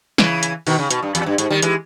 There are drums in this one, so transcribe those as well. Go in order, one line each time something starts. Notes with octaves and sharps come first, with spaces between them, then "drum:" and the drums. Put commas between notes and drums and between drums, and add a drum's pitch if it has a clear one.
C#3 E3, drum: snare
drum: hi-hat
B2 D#3, drum: open hi-hat
C#3
B2, drum: hi-hat
G2
E2, drum: hi-hat
G2
G#2, drum: hi-hat
D#3 G3
E3 G#3, drum: hi-hat